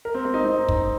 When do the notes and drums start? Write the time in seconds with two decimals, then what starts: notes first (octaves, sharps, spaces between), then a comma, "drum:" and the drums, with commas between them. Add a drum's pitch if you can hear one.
0.05 A#4
0.15 C4
0.25 C4
0.34 D#4
0.44 D#4
0.69 drum: kick